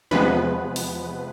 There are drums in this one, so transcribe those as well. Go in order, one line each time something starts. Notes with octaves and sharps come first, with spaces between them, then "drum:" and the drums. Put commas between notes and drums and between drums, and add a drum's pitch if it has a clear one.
E2 C3 F3 G#3 B3 B4, drum: tom
drum: open hi-hat